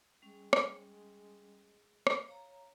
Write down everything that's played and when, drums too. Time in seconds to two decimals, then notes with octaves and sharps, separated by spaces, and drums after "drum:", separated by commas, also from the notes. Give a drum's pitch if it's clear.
0.22 G3 G#3 C#4
0.53 drum: rim click
2.07 drum: rim click
2.28 C#5 F5 A#5